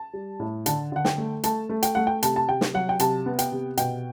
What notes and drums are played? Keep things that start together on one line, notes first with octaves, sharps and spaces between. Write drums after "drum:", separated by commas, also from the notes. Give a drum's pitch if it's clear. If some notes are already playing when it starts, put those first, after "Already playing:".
Already playing: A5
G3
A2
D3 A5, drum: hi-hat
D3 F#5
G5, drum: snare
A3
A3 A5, drum: hi-hat
A3
G5, drum: hi-hat
A3 F#5
G5
C3 A5, drum: hi-hat
A5
C3 G5
drum: snare
F#3 F#5
G5
C3 A5, drum: hi-hat
B3
G5, drum: hi-hat
C3
B2 G5, drum: hi-hat